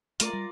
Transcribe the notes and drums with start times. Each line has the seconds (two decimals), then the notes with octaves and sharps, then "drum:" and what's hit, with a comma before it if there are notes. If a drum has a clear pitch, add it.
0.20 A3 F4 A#4 D5, drum: hi-hat
0.33 G3